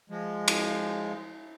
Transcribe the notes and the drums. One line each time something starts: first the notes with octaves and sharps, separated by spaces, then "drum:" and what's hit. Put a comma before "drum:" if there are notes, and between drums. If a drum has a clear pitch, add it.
F3 G#3
drum: cymbal